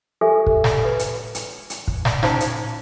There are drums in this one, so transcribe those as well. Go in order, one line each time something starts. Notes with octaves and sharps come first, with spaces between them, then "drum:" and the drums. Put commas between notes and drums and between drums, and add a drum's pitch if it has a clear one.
G4 A4 A#4 E5 G#5
drum: kick
drum: snare
B4
drum: hi-hat
drum: hi-hat
drum: hi-hat
drum: kick
drum: snare
C#4 D#4 C5 F5 A5 A#5, drum: snare
drum: hi-hat